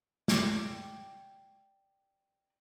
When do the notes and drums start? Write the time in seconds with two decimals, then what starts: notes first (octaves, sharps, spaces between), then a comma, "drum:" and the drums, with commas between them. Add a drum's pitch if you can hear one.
0.28 D5 G5 D6, drum: snare